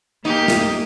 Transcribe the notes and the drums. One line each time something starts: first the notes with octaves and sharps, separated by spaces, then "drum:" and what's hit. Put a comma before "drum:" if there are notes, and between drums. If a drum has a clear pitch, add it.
A#3 D#4 G4
drum: snare